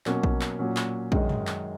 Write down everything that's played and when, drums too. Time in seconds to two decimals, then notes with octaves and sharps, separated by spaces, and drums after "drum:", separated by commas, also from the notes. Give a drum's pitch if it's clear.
0.06 B2 F#3 A#3 C#4, drum: clap
0.23 drum: kick A#1
0.41 drum: clap
0.59 A#2 F#3 C#4
0.76 drum: clap
1.12 F#2 D#3 G#3 D#4, drum: kick A#1
1.29 drum: tom
1.47 drum: clap